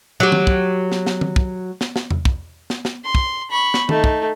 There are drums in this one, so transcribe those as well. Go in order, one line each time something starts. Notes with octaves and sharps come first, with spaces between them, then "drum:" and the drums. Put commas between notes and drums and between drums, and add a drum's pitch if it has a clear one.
F#3 G4
drum: tom D#3
drum: kick
drum: snare
drum: snare
drum: tom D#3
drum: kick
drum: snare
drum: snare
drum: tom E2
drum: kick
drum: snare
drum: snare
C6
drum: kick
B5 C#6
drum: snare
A3 D#4, drum: tom D#3
drum: kick